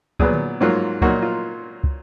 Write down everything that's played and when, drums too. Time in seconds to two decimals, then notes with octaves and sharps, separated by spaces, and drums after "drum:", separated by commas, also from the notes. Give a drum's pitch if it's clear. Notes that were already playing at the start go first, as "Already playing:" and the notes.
0.19 A#2 F#3 B3 G#4, drum: kick
0.33 drum: tom D3
0.61 G#2 F#3 A#3 F4
1.02 A#2 F#3 A#3 D#4 F#4, drum: kick
1.22 F4
1.84 drum: kick